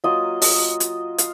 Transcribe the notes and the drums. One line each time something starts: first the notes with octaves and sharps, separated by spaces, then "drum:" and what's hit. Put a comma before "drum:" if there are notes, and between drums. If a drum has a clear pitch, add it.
F#3 A#3 F4 D#5
D#5, drum: open hi-hat
drum: hi-hat
F5, drum: hi-hat